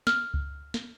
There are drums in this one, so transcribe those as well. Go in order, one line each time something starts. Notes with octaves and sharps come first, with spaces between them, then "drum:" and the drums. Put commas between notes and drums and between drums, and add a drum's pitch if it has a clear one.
F6, drum: snare
drum: kick C#2
drum: snare